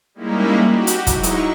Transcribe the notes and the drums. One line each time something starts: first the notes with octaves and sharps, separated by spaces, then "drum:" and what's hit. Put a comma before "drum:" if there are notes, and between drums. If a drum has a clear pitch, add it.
G3 G#3 A#3 C#4 D#4 E4
F#4 G4
drum: hi-hat
G#2 F#3 D#4 E4 C#6, drum: kick E1, hi-hat
drum: hi-hat